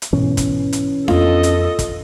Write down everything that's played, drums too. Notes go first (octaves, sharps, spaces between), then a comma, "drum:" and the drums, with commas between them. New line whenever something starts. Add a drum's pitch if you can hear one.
drum: hi-hat
G#2 B2 E3 C#4
drum: kick, hi-hat
drum: hi-hat
F2 B3 D4 F4 A4 D#5, drum: snare D4
drum: hi-hat
drum: kick, hi-hat